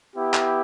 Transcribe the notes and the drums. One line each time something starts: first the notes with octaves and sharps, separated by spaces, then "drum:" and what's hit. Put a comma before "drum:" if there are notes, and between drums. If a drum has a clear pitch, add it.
B3 E4 G4
drum: clap